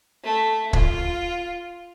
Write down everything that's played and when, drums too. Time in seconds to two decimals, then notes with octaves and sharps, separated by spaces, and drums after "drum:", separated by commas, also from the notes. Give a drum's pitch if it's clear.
0.23 A3
0.73 F4, drum: kick